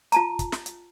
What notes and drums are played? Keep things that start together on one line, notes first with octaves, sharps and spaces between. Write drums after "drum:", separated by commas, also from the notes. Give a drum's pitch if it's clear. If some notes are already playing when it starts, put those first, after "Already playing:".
F4 A5 A#5, drum: hi-hat
drum: kick, hi-hat
drum: snare
drum: hi-hat